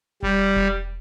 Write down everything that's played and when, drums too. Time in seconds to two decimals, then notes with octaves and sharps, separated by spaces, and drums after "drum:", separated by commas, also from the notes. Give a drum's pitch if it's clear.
0.23 G3, drum: kick E1
0.56 drum: kick E1